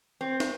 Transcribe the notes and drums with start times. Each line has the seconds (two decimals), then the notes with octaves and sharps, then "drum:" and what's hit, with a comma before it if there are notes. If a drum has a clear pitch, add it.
0.21 C4
0.40 drum: snare